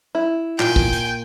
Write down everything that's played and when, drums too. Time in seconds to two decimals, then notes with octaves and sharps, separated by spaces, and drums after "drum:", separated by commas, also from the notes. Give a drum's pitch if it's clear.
0.15 E4
0.59 A#2 G5 G#5, drum: clap
0.76 drum: kick
0.93 drum: hi-hat